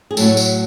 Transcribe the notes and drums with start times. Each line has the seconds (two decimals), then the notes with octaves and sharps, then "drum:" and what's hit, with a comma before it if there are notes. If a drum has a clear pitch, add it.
0.11 G#4
0.17 A2 F#3 A3 A4, drum: tambourine
0.37 drum: tambourine